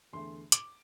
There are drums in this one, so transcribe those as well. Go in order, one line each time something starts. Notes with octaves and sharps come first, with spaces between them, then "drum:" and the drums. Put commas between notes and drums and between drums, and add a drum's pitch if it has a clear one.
E2 D3 A3 C6
D6, drum: hi-hat